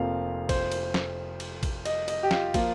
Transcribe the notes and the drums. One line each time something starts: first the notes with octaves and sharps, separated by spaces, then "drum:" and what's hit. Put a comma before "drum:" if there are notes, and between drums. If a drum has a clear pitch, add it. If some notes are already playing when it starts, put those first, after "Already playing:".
Already playing: F1 F2 F3 A#3 F5
C5, drum: kick, cymbal
drum: cymbal
drum: snare
drum: cymbal
drum: kick, cymbal
D#5, drum: cymbal
D#5, drum: cymbal
G4
F4, drum: snare
F3 A#3 F4, drum: kick, cymbal